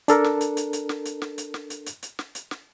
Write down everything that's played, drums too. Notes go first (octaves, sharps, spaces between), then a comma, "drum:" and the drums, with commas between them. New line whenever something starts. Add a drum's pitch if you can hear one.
D4 A4 A#4, drum: hi-hat
drum: snare
drum: hi-hat
drum: hi-hat
drum: hi-hat
drum: snare
drum: hi-hat
drum: snare
drum: hi-hat
drum: snare
drum: hi-hat
drum: hi-hat
drum: hi-hat
drum: snare
drum: hi-hat
drum: snare